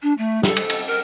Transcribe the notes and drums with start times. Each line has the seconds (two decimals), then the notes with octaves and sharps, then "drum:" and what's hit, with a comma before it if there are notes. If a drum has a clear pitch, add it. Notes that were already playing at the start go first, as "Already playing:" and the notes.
0.02 D4
0.18 A3
0.43 A4, drum: snare
0.57 drum: cymbal
0.70 drum: cymbal
0.87 A#4